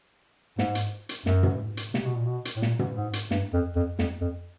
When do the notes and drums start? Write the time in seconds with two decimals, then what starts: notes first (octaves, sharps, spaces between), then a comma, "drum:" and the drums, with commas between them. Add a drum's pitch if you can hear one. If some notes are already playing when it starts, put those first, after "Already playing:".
0.59 G#2, drum: snare
0.75 drum: hi-hat
1.09 drum: hi-hat
1.26 F#2, drum: snare
1.43 drum: tom
1.77 drum: hi-hat
1.94 C3, drum: snare
2.06 B2
2.16 A#2
2.26 B2
2.45 drum: hi-hat
2.56 A2
2.62 A#2, drum: snare
2.79 drum: tom
2.97 G#2
3.13 drum: hi-hat
3.31 G2, drum: snare
3.54 F2
3.76 F2
3.99 F2, drum: snare
4.21 F2